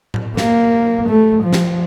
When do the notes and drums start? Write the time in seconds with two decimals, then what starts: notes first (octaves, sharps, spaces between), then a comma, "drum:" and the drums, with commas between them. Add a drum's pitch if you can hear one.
0.14 drum: tom A2
0.37 A#3, drum: snare
1.08 A3
1.43 F3
1.53 drum: snare